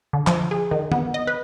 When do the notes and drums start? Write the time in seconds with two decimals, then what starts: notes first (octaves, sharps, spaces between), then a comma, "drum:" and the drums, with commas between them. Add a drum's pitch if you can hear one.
0.13 D3
0.27 F3, drum: clap
0.51 G#4
0.71 D#3
0.92 B3, drum: tom
1.14 D#5
1.27 B4